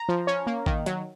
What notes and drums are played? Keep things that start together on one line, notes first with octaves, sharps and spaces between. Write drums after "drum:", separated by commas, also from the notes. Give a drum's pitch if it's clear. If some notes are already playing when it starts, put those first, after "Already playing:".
Already playing: A#5
F3
C#4
A#3
D#3, drum: kick A1
F#3, drum: hi-hat